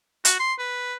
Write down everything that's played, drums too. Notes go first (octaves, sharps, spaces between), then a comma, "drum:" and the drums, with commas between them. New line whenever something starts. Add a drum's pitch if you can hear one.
F#4, drum: hi-hat
C6
B4